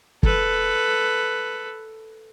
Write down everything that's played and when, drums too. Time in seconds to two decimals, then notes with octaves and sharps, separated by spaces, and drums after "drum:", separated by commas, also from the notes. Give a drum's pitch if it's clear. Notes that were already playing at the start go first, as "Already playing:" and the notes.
0.23 A4 B4, drum: kick